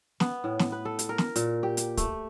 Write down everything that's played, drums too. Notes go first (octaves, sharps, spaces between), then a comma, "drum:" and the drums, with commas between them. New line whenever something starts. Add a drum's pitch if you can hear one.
B3, drum: snare
A2
drum: snare
B4
A4
drum: hi-hat
A#4
drum: snare
A#2, drum: hi-hat
G4
drum: hi-hat
A3, drum: kick, hi-hat